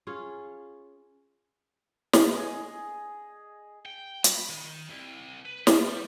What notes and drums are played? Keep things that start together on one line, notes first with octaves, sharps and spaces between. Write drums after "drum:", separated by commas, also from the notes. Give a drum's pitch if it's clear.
C#4 F4 G#4
drum: snare
G#4 D#5
G5
B5, drum: hi-hat
D#3
C2
B4
G3, drum: snare